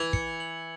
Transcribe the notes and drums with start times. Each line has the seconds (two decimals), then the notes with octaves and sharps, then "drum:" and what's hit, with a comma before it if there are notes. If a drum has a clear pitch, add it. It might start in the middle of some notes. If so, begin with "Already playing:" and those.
Already playing: E3 G#6
0.13 C#7, drum: kick
0.40 F#7